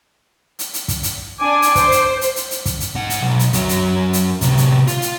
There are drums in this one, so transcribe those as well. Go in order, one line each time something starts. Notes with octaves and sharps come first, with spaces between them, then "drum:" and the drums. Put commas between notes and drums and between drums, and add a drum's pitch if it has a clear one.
drum: hi-hat
drum: hi-hat
drum: kick, hi-hat
drum: hi-hat
D4 G#5 D6
drum: hi-hat
C5, drum: kick, hi-hat
drum: hi-hat
drum: hi-hat
drum: hi-hat
drum: hi-hat
drum: kick, hi-hat
drum: hi-hat
G#2 F#5
drum: hi-hat
B1
drum: hi-hat
F#2 F#3, drum: kick, hi-hat
drum: hi-hat
drum: hi-hat
A2 C3, drum: kick, hi-hat
drum: hi-hat
F4, drum: hi-hat
drum: hi-hat